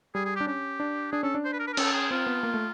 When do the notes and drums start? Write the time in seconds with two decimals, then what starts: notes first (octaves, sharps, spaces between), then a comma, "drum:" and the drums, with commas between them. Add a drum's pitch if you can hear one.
0.15 G3 G#4
0.25 G#4
0.35 G4
0.40 D4
0.47 C#4 G4
0.80 D4
1.12 D4 G#4
1.23 C#4 A4
1.35 D4
1.44 C5
1.53 B4
1.59 A#4
1.67 B4
1.73 A#4
1.77 C#4 A4, drum: cymbal
1.93 G#4
2.11 C4 F4
2.27 B3
2.43 A#3
2.54 A3